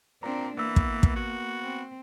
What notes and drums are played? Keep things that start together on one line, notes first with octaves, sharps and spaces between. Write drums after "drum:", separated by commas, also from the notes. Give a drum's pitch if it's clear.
A#2 C4 D4 A#5
E3 A#3 B3 E6
drum: kick
drum: kick
F#4
C4